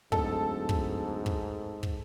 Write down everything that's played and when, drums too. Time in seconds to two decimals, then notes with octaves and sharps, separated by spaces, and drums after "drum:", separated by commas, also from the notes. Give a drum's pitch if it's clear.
0.12 D1 G#2 A4, drum: kick
0.69 drum: kick
1.26 drum: kick
1.83 drum: kick